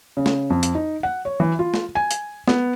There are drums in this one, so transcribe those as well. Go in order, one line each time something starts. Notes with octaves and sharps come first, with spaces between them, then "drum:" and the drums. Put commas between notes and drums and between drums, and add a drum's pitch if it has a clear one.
C#3
drum: snare
F2
drum: hi-hat
D#4
F#5
C#5
E3
F4
drum: snare
G#5
drum: hi-hat
B3, drum: snare